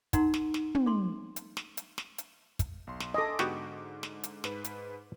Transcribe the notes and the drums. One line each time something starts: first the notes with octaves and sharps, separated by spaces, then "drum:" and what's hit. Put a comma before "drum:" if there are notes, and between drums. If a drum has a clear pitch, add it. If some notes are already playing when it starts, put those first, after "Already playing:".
D#4 A#4 F#5 A#5 C6, drum: kick, hi-hat
drum: snare
drum: snare
drum: tom
A4 C6
drum: hi-hat
drum: snare
drum: hi-hat
drum: snare
drum: hi-hat
drum: kick, hi-hat
B1 C6
drum: snare
A4 D#5 G#5 C6 D6
G#2 D3 B3 F#4 G4, drum: snare
drum: snare
drum: hi-hat
G#2 B4 B5, drum: snare
drum: hi-hat